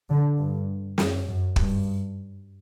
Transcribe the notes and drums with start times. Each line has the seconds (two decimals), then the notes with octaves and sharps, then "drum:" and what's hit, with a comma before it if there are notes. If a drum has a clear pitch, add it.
0.10 D3
0.39 G2
0.98 F#2, drum: snare
1.27 F#2
1.56 G2, drum: kick